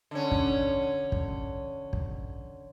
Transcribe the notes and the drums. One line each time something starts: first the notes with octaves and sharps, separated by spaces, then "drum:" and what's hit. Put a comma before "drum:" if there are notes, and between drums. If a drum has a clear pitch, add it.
D3 C#4
drum: kick
drum: kick
drum: kick